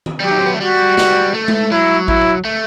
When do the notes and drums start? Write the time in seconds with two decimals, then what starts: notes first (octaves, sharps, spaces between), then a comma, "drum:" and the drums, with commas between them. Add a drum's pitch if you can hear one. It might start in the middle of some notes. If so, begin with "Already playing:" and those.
0.06 drum: tom D#3
0.20 G3
0.23 F#3 G4
0.31 D#4
0.39 C4
0.46 B3
0.54 A3
0.60 G3 F#4
0.98 G3, drum: snare
1.34 A3
1.48 drum: tom G#3
1.71 F#3 E4
2.08 E4, drum: kick A1
2.45 A3